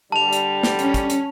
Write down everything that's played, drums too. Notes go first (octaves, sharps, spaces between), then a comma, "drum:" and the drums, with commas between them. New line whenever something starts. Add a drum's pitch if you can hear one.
D3 G3 A5 F7
drum: hi-hat
drum: snare
C#4, drum: hi-hat
drum: kick, hi-hat
drum: hi-hat